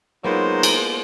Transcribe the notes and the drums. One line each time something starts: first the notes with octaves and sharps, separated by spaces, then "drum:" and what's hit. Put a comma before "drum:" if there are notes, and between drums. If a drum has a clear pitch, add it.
F#3 G#3 A#3 B3 D#4 F4 C5
drum: cymbal